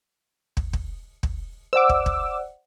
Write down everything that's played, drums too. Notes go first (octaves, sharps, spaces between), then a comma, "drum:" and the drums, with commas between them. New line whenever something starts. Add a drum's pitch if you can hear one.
drum: kick
drum: kick
drum: kick
C5 D5 F#5 D6 E6
drum: kick
drum: kick